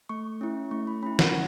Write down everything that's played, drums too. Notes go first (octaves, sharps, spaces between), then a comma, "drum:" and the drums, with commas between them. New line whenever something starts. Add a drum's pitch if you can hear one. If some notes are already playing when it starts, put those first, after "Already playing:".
A3 C#6
C#4 E4
A3 C#6
B5
C#4 E4 B5
F#5, drum: snare